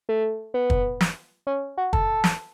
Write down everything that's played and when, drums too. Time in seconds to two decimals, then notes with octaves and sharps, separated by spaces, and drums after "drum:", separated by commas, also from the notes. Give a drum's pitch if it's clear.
0.09 A3
0.54 B3
0.70 drum: kick
1.01 drum: snare
1.47 C#4
1.78 F#4
1.93 A4, drum: kick
2.24 drum: snare